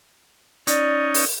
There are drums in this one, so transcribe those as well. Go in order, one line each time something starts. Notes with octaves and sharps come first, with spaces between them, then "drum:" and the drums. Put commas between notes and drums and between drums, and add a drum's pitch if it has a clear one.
C#4 D#4 D5, drum: hi-hat
drum: open hi-hat